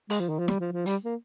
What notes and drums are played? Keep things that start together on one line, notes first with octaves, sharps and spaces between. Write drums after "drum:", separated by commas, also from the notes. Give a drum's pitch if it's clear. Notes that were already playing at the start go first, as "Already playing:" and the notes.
G#3, drum: open hi-hat
F3
D#3
F3
G3, drum: snare
F3
F3
G3, drum: hi-hat
A#3